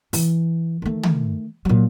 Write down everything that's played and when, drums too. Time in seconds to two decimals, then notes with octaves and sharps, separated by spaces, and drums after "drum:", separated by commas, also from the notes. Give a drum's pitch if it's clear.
0.13 E3, drum: open hi-hat
0.82 D#3 A3
1.03 drum: tom
1.65 A#2 F#3